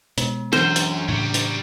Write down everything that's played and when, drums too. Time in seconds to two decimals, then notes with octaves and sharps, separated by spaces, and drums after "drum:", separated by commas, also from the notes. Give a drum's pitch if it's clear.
0.18 B2 G#3, drum: hi-hat
0.53 F#2 E3 D4 C5
0.76 drum: hi-hat
1.09 A2 C#3 F#3 G3
1.34 drum: hi-hat